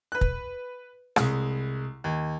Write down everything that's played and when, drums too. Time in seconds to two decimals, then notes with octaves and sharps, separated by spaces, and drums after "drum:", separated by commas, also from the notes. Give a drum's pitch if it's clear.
0.12 B4 F#6
0.21 drum: kick
1.16 C2 G#3, drum: rim click
2.04 D#2